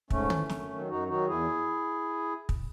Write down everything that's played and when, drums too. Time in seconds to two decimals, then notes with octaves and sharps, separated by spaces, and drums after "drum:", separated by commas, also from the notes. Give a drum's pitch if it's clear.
0.10 G#2 A3 C#4, drum: kick
0.30 E3, drum: tom
0.49 F#2, drum: snare
0.69 D#3 F#3
0.89 F#2 D#4 F#4
1.08 D#3 F#3 D#4 F#4
1.28 E2 E4 G#4
2.49 drum: kick